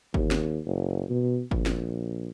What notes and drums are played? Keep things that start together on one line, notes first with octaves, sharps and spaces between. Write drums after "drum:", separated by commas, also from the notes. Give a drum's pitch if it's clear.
D#2, drum: kick G1
drum: snare
F#1
B2
A#1, drum: kick G1
drum: snare